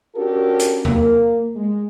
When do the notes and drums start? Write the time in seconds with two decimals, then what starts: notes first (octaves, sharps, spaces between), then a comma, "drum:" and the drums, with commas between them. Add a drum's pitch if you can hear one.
0.15 C#4 D4 F#4 G4 A4 A#4
0.59 drum: hi-hat
0.85 A#3, drum: tom E2
1.56 G#3